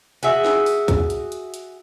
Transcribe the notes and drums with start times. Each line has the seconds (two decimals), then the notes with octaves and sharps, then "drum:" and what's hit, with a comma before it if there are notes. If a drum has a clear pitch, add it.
0.23 F#4 G#4 E5, drum: hi-hat
0.45 drum: snare
0.66 drum: open hi-hat
0.88 drum: kick, hi-hat
1.10 drum: hi-hat
1.32 drum: hi-hat
1.54 drum: hi-hat